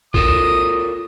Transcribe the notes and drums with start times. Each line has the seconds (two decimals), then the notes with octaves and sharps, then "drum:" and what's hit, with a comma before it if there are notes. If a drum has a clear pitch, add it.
0.14 F4 A4 A#4 D#6, drum: kick